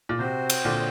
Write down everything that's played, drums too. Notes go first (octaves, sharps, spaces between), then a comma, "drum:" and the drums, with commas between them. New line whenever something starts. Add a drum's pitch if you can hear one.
A#2
C3 C4 F#4 C5
drum: cymbal
A#2 D3